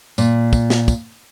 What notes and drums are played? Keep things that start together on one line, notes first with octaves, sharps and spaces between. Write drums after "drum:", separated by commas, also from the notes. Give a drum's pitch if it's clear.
A#2, drum: tambourine
drum: kick, tambourine
drum: snare
drum: kick, tambourine